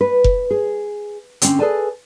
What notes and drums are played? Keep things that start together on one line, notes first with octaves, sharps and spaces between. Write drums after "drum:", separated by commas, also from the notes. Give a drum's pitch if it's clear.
B4
drum: kick F1
G#4
D3 C4 C#4, drum: hi-hat
G#4 A4 B4 D5 G#5 A5